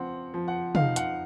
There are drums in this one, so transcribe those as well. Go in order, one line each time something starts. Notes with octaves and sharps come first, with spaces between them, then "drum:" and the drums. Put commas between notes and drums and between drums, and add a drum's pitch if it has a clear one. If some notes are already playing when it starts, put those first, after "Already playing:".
Already playing: F3 C4 F#5
F3
F#5
D#4 F5, drum: tom
F#5, drum: hi-hat